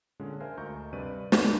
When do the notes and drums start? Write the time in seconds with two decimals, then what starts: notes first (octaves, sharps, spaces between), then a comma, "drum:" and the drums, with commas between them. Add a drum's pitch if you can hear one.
0.20 A#2 D3 G#3 C#4
0.40 A#4 C5 E5 F5 G#5
0.58 D2 A#4 D#5 A#5 C#6 G6
0.93 G2 C3 B4 D5 D#7
1.32 C#2 F5 B5, drum: snare